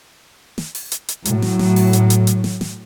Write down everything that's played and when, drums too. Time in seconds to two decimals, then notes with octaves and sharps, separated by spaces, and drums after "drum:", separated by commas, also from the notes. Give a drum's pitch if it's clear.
0.58 drum: snare
0.75 drum: open hi-hat
0.92 drum: hi-hat
1.08 drum: hi-hat
1.25 A2 F#3, drum: hi-hat
1.42 drum: snare
1.59 drum: snare
1.76 drum: open hi-hat
1.93 drum: hi-hat
2.10 drum: hi-hat
2.27 drum: hi-hat
2.44 drum: snare
2.61 drum: snare